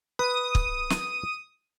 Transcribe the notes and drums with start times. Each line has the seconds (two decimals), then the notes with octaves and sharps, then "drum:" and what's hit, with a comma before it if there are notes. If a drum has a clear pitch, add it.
0.19 B4 D#6
0.55 drum: kick
0.90 drum: snare